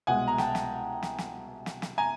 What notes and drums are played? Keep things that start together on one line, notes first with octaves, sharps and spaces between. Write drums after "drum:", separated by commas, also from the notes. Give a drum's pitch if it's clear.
C2 B2 G#3 F#5 G#5
A#5
G5 A5, drum: snare
drum: snare
drum: snare
drum: snare
drum: snare
drum: snare
G#5 A#5